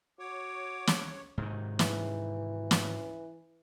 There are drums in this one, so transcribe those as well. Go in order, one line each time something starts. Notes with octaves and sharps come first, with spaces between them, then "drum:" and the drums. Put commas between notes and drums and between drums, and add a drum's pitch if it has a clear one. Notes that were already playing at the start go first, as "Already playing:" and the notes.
F#4 C#5 D6
drum: snare
G#2 C3 D#3
E3, drum: snare
drum: snare